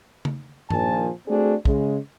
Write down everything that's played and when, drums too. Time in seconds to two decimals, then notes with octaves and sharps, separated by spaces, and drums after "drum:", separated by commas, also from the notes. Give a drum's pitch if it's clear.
0.25 drum: tom C#3
0.70 A#1 D#3 F3 G#5 A5, drum: tom G2
1.28 A3 C4 D4 F#4 G#4
1.65 C#3 G#3, drum: kick